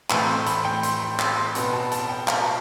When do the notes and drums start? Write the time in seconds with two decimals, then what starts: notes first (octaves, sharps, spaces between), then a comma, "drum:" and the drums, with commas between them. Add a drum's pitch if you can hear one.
0.10 A2 E3 A3 C4 B5, drum: clap
0.29 C6
0.46 B5, drum: hi-hat
0.65 G5
0.83 C6, drum: hi-hat
1.00 B5
1.19 C6, drum: clap
1.37 C6
1.55 B2 B3 B5, drum: hi-hat
1.73 A5
1.92 A5, drum: hi-hat
2.09 G5
2.28 F5, drum: clap